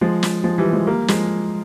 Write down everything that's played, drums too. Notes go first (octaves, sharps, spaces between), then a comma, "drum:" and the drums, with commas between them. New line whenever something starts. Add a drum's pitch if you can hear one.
F3 G#3
drum: snare
F3 G#3
E3 G3
F3 G#3
G3 A#3
F3 G#3, drum: snare